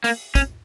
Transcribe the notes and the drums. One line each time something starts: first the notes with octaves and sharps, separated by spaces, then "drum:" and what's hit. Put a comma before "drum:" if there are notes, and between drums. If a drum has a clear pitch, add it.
A#3, drum: open hi-hat
C#4, drum: kick, hi-hat